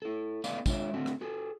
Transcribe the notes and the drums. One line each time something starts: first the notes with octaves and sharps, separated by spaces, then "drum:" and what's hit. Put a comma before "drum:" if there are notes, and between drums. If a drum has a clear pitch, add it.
E4 A4
A3 B3 D#4 D5 F5, drum: tambourine
G#3 D4 F4 C#5 E5, drum: kick, tambourine
D3 A3 C4 F#4
drum: rim click
F#4 G#4 A4